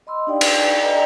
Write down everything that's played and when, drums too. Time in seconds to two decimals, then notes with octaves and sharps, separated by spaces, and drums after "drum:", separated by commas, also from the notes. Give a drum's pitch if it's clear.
0.07 D#5 B5 C6 E6
0.27 D4 D#4 G4 D5 F5 G5
0.41 drum: cymbal
0.81 A4 D5 D#5 G5 G#5 A#5